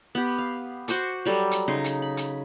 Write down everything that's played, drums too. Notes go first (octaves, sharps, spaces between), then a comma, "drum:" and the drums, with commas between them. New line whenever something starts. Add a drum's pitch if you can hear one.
B3 G4
F5
F#4 C5 C#6 D6, drum: hi-hat
F#3 G3 A4
drum: hi-hat
C#3 D#4 C6
drum: hi-hat
B5
drum: hi-hat